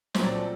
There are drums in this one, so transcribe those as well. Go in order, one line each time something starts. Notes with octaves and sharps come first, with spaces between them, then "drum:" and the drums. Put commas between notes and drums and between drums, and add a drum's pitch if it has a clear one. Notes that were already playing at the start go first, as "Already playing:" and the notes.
A#2 F#3 A3 C4 C5, drum: snare
D5
A4